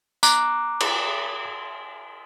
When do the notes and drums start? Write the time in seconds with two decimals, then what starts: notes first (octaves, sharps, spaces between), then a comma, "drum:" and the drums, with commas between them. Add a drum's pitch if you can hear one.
0.23 A#5 D6 F#6, drum: tambourine
0.80 drum: cymbal